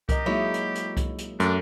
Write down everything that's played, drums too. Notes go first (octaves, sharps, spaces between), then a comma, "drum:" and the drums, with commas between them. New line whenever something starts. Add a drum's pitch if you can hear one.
G4 A#4 D#5, drum: kick C2, hi-hat
F#3 G#3 A#3 D#4 E4 C#5
drum: hi-hat
drum: hi-hat
drum: kick C2, hi-hat
drum: hi-hat
F#2 A3 D4, drum: hi-hat